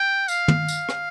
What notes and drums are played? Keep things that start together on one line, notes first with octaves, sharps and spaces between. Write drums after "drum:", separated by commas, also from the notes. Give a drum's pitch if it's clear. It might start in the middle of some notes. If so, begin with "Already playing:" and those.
Already playing: G5
F5, drum: tambourine
drum: tom
drum: tambourine
drum: rim click